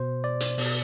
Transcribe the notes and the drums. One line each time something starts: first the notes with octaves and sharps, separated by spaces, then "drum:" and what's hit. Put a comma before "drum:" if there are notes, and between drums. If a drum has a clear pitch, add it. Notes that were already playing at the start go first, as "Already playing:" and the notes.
Already playing: B2 C5
D5
drum: hi-hat
B2, drum: open hi-hat